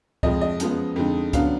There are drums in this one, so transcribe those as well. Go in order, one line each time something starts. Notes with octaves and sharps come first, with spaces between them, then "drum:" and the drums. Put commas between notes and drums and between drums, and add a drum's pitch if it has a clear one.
F2 F3 G#3 D#5, drum: kick C#2
D#5
F#2 F3 G#3 B3, drum: hi-hat
F2 D3 G#3 D#4
F#2 D3 F#3 B3 D4 F5, drum: kick C#2, hi-hat